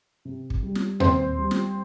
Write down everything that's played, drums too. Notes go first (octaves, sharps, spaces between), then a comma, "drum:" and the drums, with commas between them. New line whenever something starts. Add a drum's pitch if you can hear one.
C3
drum: kick
G3
drum: snare
D#2 C4 C5, drum: tom D#2
G3
drum: snare